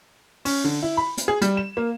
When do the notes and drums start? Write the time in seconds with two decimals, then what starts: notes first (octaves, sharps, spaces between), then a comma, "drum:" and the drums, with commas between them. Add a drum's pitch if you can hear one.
0.45 C#4, drum: open hi-hat
0.64 D3
0.83 E4
0.97 B5
1.18 drum: hi-hat
1.28 G#4
1.41 G3, drum: hi-hat
1.57 E7
1.77 A#3